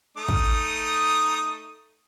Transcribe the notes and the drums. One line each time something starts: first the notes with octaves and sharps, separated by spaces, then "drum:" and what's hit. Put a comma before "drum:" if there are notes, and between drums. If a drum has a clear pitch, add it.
A3 D#4 D#6
drum: kick